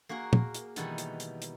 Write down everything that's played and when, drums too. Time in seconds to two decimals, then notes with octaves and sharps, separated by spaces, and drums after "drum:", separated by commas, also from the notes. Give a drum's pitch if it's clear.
0.09 A#3 F#4 G#4 A#4
0.33 drum: tom
0.55 drum: hi-hat
0.76 B2 D#3 E3 G3 B3 D#4, drum: hi-hat
0.98 drum: hi-hat
1.20 drum: hi-hat
1.42 drum: hi-hat